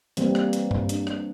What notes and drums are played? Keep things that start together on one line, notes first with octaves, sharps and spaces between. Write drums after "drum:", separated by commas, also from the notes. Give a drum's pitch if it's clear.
E3 G3 A#3 C4, drum: hi-hat
drum: rim click
drum: hi-hat
drum: tom G2
D4, drum: hi-hat
drum: rim click